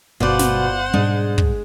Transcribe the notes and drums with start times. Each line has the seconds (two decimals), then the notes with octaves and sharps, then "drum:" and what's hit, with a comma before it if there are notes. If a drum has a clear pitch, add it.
0.20 G1 B2 F4 C5 D5 F#5
0.39 drum: snare
0.94 G#2 B2 G3 G#3 D4
1.38 drum: kick